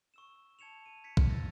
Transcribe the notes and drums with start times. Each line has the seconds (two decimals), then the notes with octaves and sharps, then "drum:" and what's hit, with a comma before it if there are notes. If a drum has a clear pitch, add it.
0.14 C#6 E6 E7
0.59 A5 G#6 C#7 E7 F7
0.86 D#7
1.04 G#6 B6 C#7
1.17 drum: kick
1.29 E6 A6 A#6